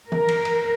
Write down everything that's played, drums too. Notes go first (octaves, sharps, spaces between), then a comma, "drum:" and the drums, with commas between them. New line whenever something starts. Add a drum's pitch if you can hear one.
A#4, drum: tom E3
drum: cymbal
drum: cymbal